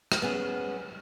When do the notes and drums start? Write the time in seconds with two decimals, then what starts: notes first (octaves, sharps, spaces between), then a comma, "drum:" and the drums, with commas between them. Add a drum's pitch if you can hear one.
0.12 drum: rim click
0.22 B3 C#4 G#4